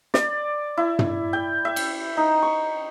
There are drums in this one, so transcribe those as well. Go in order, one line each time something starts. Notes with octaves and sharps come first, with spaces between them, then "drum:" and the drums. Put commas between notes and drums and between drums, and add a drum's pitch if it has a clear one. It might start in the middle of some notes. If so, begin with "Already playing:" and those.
D5, drum: snare
E4
drum: tom
G5
E5
drum: cymbal
D#4
C#6